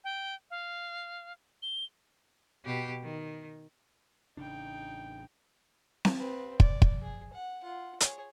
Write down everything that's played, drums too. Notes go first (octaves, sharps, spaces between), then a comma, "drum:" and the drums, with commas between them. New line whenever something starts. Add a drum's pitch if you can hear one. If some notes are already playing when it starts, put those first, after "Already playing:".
G5
F5
G7
B2 G4
D#3
A1 C#3 D4 D#4 G5
drum: snare C4
C4 B4
D5, drum: kick
drum: kick
G#4
F#5
F4 F#5
G#4 C#5, drum: hi-hat